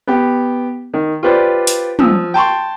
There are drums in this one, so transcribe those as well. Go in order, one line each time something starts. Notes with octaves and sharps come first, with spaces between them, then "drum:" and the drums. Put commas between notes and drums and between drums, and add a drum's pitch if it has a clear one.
B3 G4
D#3
F4 G4 B4 C5 D5
drum: hi-hat
F3 D#6 E6, drum: tom
G5 A5 C6 C#6